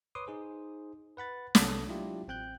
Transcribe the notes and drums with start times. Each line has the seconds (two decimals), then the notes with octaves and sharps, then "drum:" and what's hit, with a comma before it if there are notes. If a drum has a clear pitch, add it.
0.15 B4 C#5 C6 D6 D#6
0.27 D#4 G#4 C5
1.17 B4 F#5 B5 A6
1.55 C2 G#3 A4 D#6, drum: snare
1.87 F#3 G#3 D4 E4 F4 G4
2.28 A1 C4 G5 F#6 G6